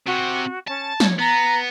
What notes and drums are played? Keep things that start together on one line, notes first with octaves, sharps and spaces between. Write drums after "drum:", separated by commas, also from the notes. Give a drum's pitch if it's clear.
C3 F#4
C#4 A5
C#5, drum: snare
B3 A#5